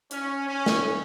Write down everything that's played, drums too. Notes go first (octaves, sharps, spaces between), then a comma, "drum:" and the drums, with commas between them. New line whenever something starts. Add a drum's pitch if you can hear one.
C#4, drum: hi-hat
C#4
drum: snare